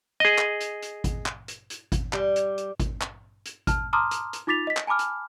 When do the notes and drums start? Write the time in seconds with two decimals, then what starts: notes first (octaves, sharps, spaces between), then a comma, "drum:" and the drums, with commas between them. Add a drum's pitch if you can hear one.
0.20 G#4 D#5
0.38 drum: clap
0.60 drum: hi-hat
0.82 drum: hi-hat
1.04 drum: kick G#1, hi-hat
1.26 drum: clap
1.48 drum: hi-hat
1.70 drum: hi-hat
1.92 drum: kick G#1, hi-hat
2.13 G3, drum: clap
2.36 drum: hi-hat
2.58 drum: hi-hat
2.80 drum: kick G#1, hi-hat
3.01 drum: clap
3.45 drum: hi-hat
3.67 A5 F6, drum: kick G#1, hi-hat
3.93 A5 A#5 C6 D6 D#6 F6
4.11 drum: hi-hat
4.33 drum: hi-hat
4.47 D#4 F4 D6 A6 B6 F7
4.67 D#5 B6
4.77 drum: clap
4.87 G#5 A5 B5 D6 F6
4.99 drum: hi-hat